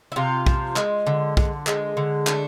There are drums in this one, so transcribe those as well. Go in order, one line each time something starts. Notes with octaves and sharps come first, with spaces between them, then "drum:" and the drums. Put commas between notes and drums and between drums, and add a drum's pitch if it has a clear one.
E4
C3 F4
F3, drum: kick
G#3, drum: clap
D3
D3, drum: kick
G#3, drum: clap
D3
A3 D4, drum: clap